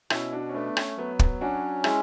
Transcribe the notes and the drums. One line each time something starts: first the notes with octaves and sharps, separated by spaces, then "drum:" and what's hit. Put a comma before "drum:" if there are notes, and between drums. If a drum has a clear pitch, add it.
B2 C#4 E4, drum: rim click
D4 F#4
C#4
A3 B3 D4
C#4, drum: rim click
F#3 B3
drum: kick
C#4 D4 F#4
G#3 E4 G#4, drum: rim click